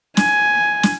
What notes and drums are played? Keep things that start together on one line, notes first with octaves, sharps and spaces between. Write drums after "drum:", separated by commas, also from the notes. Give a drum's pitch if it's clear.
G#5, drum: snare
drum: snare